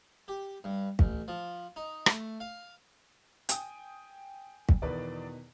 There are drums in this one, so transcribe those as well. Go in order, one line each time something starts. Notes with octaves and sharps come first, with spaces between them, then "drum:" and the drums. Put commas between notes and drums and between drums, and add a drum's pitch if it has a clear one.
G4
G2
A1, drum: kick
F3
D#4
A3, drum: rim click
F5
G5 G#5 D#6, drum: hi-hat
drum: kick
E2 B2 D#3 B4 D5